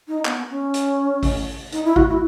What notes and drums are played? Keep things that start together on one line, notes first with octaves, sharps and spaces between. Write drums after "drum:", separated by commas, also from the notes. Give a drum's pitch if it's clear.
D#4
B3, drum: clap
C#4
drum: hi-hat
drum: kick A1, open hi-hat
D#4, drum: hi-hat
E4
F#4, drum: kick A1
E4